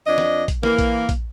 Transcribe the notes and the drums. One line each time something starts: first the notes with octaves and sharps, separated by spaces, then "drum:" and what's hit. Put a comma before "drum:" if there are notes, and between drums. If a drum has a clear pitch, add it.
F2 D4 D#5
drum: snare
drum: kick A#1, hi-hat
E3 A#3, drum: snare
drum: kick A#1, hi-hat
drum: kick A#1, hi-hat